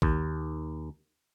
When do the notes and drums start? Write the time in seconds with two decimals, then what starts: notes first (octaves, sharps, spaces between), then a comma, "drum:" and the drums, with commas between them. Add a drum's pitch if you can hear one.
0.02 D#2, drum: kick A#1